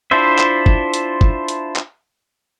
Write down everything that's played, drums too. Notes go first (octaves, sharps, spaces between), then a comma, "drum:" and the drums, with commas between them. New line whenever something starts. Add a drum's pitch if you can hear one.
D4 E4 F4 C5 E5
drum: clap
drum: kick
drum: hi-hat
drum: kick
drum: hi-hat
drum: clap